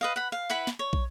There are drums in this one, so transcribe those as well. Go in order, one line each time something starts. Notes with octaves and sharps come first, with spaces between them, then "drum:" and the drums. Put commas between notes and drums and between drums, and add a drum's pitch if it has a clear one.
B4 D#5 F5
F#5 B5
F5
E4 B4 F#5 B5
drum: snare
C#5
drum: kick